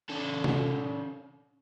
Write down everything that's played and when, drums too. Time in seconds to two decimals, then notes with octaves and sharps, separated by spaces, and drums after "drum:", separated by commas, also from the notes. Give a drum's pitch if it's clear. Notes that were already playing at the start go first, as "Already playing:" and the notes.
0.10 C#3 A4
0.44 drum: tom C3